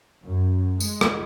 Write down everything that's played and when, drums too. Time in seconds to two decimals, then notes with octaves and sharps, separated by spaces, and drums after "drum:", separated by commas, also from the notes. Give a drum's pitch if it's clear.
0.25 F#2
0.80 G#3, drum: tambourine
1.01 drum: rim click